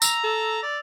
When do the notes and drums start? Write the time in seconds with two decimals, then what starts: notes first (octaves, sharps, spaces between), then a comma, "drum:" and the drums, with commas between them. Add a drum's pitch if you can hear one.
0.02 A#5 E6 F7, drum: tambourine
0.24 A4
0.63 D5